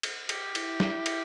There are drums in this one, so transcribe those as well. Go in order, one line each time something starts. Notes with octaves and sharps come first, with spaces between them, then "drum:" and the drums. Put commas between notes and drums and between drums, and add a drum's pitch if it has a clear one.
drum: cymbal
G4, drum: cymbal
E4, drum: cymbal
drum: snare
G4, drum: cymbal